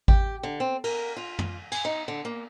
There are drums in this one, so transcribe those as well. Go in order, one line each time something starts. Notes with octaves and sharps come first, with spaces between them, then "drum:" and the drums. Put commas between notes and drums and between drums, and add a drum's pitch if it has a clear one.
G4, drum: kick G#1
D3
C4
A#4, drum: cymbal
F4
drum: tom
G#5, drum: cymbal
D#4
D3
A#3